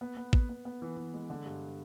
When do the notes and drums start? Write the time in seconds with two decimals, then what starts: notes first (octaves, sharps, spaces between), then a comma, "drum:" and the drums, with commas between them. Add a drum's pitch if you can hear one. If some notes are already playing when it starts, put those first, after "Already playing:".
0.01 B3
0.17 B3
0.33 B3, drum: kick
0.49 B3
0.65 B3
0.82 E3
0.97 E3
1.14 G#3
1.30 D3
1.46 G2